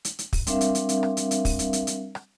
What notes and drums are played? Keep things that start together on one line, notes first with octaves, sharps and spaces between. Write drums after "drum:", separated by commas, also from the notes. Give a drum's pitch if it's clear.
drum: hi-hat
drum: hi-hat
drum: kick, open hi-hat
G3 C4 D4 A#4 E5 F5, drum: hi-hat
drum: hi-hat
drum: hi-hat
drum: hi-hat
drum: rim click
drum: hi-hat
drum: hi-hat
drum: kick, open hi-hat
drum: hi-hat
drum: hi-hat
drum: hi-hat
drum: rim click